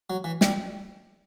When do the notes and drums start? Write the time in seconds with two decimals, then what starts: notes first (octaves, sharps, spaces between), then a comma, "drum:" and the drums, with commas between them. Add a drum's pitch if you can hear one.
0.10 F#3
0.24 E3
0.41 G3, drum: snare